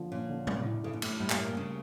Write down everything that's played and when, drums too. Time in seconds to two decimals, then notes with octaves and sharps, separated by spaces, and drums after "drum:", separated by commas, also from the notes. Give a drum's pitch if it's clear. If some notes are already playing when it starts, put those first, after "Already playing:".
Already playing: D3 F3
0.11 A#2 C#4
0.29 D3
0.47 D5, drum: tom A2
0.66 E4
0.84 C#3 A4
0.93 A#2
1.02 A2 A3, drum: cymbal
1.20 A2 G3
1.30 A#2, drum: clap
1.38 A2 A#3
1.47 A#2
1.56 C#3 C#4